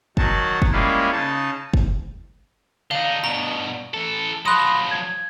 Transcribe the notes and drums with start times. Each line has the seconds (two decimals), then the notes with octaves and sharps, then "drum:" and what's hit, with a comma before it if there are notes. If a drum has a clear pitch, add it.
0.17 D#3 F#3 F#4 A5, drum: kick
0.62 drum: kick
0.71 G3 G#3 A#3 C#4 E4 F4
1.12 C#3 D#4 A5
1.74 drum: kick
2.91 D3 D#4 F5
3.24 G2 B2 A#5
3.94 E3 A4
4.46 F3 F#3 B5 C6 D#6 F#6 A#6
4.91 G#6